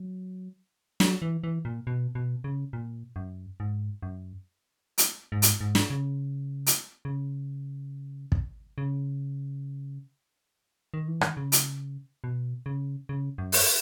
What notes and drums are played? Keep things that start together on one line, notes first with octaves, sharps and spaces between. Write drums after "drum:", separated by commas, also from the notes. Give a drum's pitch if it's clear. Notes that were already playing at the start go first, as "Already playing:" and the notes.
Already playing: F#3
F#3, drum: snare
E3
E3
A#2
B2
B2
C#3
A#2
F#2
G#2
F#2
drum: hi-hat
G#2
drum: hi-hat
G#2
drum: snare
C#3
drum: hi-hat
C#3
drum: kick
C#3
D#3
E3
D#3, drum: rim click
C#3
drum: hi-hat
B2
C#3
C#3
F#2
drum: open hi-hat